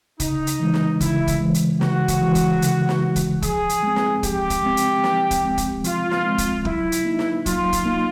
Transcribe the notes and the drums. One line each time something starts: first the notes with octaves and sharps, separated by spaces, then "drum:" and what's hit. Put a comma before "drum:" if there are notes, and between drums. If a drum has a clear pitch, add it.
C#3 D#4, drum: kick, hi-hat
drum: hi-hat
E3 G#3
drum: snare
C#3 E4, drum: kick, hi-hat
drum: kick, hi-hat
E3 G#3
drum: hi-hat
C#3 F#4, drum: snare
drum: kick, hi-hat
E3 G#3
drum: kick, hi-hat
C#3, drum: hi-hat
drum: snare
E3 G#3
drum: kick, hi-hat
F3 G#4, drum: kick, hi-hat
drum: hi-hat
G#3 C4
drum: snare
F3 G4, drum: kick, hi-hat
drum: kick, hi-hat
G#3 C4
drum: hi-hat
F3, drum: snare
drum: kick, hi-hat
G#3 C4
drum: kick, hi-hat
F3 F4, drum: hi-hat
drum: snare
G#3 C4
drum: kick, hi-hat
F#3 E4, drum: kick
drum: hi-hat
A#3 D#4
drum: snare
F#3 F4, drum: kick, hi-hat
drum: kick, hi-hat
A#3 D#4